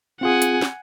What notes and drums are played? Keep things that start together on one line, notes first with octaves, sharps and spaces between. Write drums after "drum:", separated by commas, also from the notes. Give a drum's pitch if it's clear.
C4 F4 G#4 F#5 G#5
drum: hi-hat
drum: snare